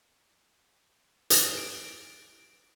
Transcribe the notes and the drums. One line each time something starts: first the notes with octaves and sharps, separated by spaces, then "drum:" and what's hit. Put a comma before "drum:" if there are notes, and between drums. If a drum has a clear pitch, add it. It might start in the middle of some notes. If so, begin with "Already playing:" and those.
drum: hi-hat
D7